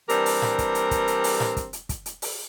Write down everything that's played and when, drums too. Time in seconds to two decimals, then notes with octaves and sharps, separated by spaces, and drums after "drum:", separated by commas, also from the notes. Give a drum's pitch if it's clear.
0.09 E3 G3 C4 D4 G4 A#4, drum: hi-hat
0.26 drum: open hi-hat
0.42 drum: snare
0.58 drum: kick, hi-hat
0.75 drum: hi-hat
0.91 drum: kick, hi-hat
1.08 drum: hi-hat
1.24 drum: open hi-hat
1.40 drum: snare
1.57 drum: kick, hi-hat
1.73 drum: hi-hat
1.89 drum: kick, hi-hat
2.06 drum: hi-hat
2.22 drum: open hi-hat